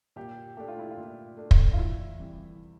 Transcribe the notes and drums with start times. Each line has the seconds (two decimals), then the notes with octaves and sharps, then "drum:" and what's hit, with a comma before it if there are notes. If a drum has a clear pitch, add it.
0.16 A#2 G4
0.57 A3 D4 G4
0.68 F4
0.79 E4
0.90 F4
0.97 A#2
1.37 A3 D4
1.51 drum: kick
1.73 F4
1.78 E2 E4
2.18 C3 E3 G3